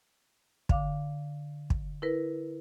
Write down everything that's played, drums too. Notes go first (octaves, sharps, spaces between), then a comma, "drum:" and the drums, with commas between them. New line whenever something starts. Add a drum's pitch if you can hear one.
D3 F5 D6, drum: kick
drum: kick
E4 A#4 B4